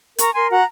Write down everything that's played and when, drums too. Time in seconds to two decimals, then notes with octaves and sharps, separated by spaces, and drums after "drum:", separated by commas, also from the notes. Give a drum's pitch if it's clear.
0.18 A#4 A#5 C#6, drum: hi-hat
0.34 A#4 G#5 C6
0.50 F#4 F#5 A#5